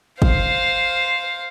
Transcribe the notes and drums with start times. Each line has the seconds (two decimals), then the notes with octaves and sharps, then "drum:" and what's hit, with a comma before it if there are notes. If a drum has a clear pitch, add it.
0.22 C5 F5, drum: kick